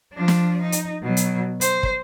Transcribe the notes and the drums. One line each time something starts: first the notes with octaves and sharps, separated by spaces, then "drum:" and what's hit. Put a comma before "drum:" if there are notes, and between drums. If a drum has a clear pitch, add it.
F3 D4
drum: snare
D#4
drum: hi-hat
B2 F#3
drum: hi-hat
C5, drum: hi-hat
drum: kick